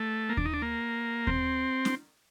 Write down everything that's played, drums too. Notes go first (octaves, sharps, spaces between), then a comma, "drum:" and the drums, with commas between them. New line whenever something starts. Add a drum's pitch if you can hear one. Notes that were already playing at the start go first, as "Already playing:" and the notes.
Already playing: A3
A#3
D4, drum: kick D#2
D#4
D4
A#3
C4, drum: kick D#2
drum: snare